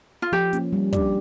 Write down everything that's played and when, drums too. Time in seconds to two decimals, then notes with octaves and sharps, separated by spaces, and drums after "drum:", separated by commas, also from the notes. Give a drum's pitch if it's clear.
0.22 F4
0.32 F3 G4
0.53 A#3 C#4, drum: hi-hat
0.73 G3
0.93 D4 G4 D5, drum: kick, hi-hat